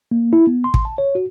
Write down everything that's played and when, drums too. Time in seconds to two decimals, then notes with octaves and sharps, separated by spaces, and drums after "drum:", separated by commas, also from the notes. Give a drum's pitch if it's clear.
0.11 A#3
0.33 E4
0.47 B3
0.64 C6
0.74 drum: kick
0.85 A5
0.98 C#5
1.15 F#4